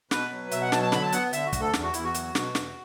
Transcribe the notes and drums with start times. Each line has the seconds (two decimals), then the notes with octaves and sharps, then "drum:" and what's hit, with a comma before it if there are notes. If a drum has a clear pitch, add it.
0.11 B2 B4, drum: snare
0.31 F#3
0.52 B2 E5, drum: hi-hat
0.61 F#5
0.72 F#3 A5, drum: snare
0.82 A5
0.92 D3 B5, drum: snare
1.02 A5
1.13 B3 F#5, drum: hi-hat
1.33 D3 E5, drum: hi-hat
1.47 F#4
1.53 D2, drum: kick, hi-hat
1.60 A4
1.73 E2, drum: snare
1.83 F#4
1.94 E2 E4, drum: hi-hat
2.04 F#4
2.15 F#3, drum: hi-hat
2.35 B2, drum: snare
2.55 E2, drum: snare